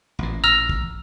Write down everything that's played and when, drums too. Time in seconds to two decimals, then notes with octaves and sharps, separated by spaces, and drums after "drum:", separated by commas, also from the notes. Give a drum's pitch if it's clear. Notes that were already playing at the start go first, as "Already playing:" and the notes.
0.19 A1 A#2
0.44 A#5 E6 F6
0.69 drum: kick